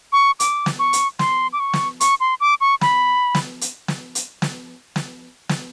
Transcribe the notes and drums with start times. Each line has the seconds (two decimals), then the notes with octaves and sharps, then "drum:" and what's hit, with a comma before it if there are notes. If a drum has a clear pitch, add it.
0.13 C#6
0.40 D6, drum: hi-hat
0.66 drum: snare
0.79 C#6
0.93 drum: hi-hat
1.19 C6, drum: snare
1.53 D6
1.60 C#6
1.73 drum: snare
2.01 C#6, drum: hi-hat
2.20 C6
2.40 D6
2.61 C#6
2.81 B5, drum: snare
3.35 drum: snare
3.61 drum: hi-hat
3.88 drum: snare
4.15 drum: hi-hat
4.42 drum: snare
4.96 drum: snare
5.49 drum: snare